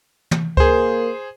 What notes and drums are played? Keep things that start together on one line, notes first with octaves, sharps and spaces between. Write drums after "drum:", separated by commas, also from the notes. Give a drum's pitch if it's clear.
drum: tom
A#3 G#4 A#4 C5, drum: kick C#2